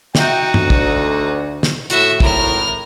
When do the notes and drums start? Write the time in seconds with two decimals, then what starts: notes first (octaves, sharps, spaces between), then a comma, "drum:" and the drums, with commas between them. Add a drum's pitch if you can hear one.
0.15 D#4 F#4 E5 G5, drum: snare
0.54 D2, drum: tom
0.70 drum: kick
1.63 drum: snare
1.90 A2 F#4 E5, drum: hi-hat
2.20 G#1 A2 A#4 F6, drum: kick